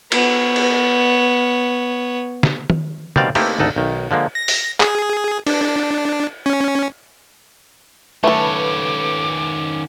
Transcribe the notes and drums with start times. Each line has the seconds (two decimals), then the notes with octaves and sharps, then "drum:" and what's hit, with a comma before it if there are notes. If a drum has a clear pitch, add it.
0.12 B3 C#5, drum: cymbal
0.56 drum: cymbal
2.43 drum: snare
2.70 drum: tom D#3
3.16 B2 D#3 G3 C4 D5 F5, drum: tom
3.35 A3 A#3 C4 D#4 E4 G4, drum: cymbal
3.59 G#1 D2 D#4 A4 F#5
3.76 B1 D#3
4.11 D3 F3 G#3 A#3
4.35 A#6
4.48 drum: open hi-hat
4.80 G#4, drum: clap
5.47 D4, drum: cymbal
6.46 C#4
8.24 D#3 A3 C#4 A4 B4 D6